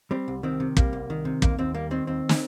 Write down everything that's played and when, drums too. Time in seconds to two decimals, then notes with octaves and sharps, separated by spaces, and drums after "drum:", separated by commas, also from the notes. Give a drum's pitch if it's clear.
0.11 G3 C4
0.28 C2
0.43 D#3 C4
0.60 C3
0.77 G3 A#3, drum: kick
0.93 C2
1.10 D#3
1.25 C3
1.42 D#2 A#3, drum: kick
1.58 D#2 C4
1.74 G3 A#3
1.91 D#3 C4
2.07 D#2 C4
2.29 drum: snare